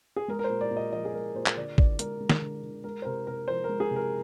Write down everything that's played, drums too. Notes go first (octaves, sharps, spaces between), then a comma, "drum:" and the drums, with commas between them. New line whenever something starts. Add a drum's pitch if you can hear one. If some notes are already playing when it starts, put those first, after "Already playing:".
G#4
G#3 A#4
A#4
C5
A#2
D5
A#2
D#5
F3 D#5
G#4
G#3 A#4
A#2 C5
drum: clap
D3 D5
D3 D5, drum: kick
G#3 A#4, drum: hi-hat
G#3
drum: snare
D3
D3
G#3 A#4
C5
C3 A#4
C3 A#4
F3 C5
A#4
G#3
G#4
C3
A#4